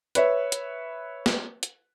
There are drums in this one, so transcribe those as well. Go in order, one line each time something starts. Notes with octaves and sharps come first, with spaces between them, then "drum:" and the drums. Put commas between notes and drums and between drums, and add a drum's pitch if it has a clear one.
B4 C#5 E5, drum: hi-hat
drum: hi-hat
drum: snare
drum: hi-hat